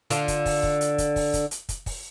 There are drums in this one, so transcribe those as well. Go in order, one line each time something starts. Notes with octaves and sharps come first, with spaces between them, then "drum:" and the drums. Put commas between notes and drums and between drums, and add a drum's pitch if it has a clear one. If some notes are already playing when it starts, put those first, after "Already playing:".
D3 D4 F4, drum: hi-hat
drum: kick, hi-hat
drum: kick, open hi-hat
drum: kick
drum: hi-hat
drum: kick, hi-hat
drum: kick, open hi-hat
drum: kick, hi-hat
drum: hi-hat
drum: kick, hi-hat
drum: kick, open hi-hat